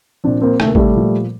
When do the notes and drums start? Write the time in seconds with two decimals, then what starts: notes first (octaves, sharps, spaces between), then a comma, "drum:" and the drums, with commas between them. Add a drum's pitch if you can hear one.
0.24 A#2 F3 C4 D4
0.42 A#3 C4
0.60 C3 D#3 A3, drum: rim click
0.67 A#3
0.75 G3 A3, drum: kick G#1
0.96 A#2 F3